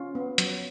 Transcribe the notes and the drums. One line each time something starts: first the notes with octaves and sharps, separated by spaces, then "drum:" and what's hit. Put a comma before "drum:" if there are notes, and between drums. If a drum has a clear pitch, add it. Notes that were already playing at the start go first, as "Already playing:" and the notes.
Already playing: C#4 F4
B3
F#3, drum: hi-hat